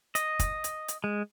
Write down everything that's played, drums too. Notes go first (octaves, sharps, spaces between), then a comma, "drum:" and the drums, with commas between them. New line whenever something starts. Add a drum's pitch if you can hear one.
D#5, drum: hi-hat
drum: kick, hi-hat
drum: hi-hat
drum: hi-hat
G#3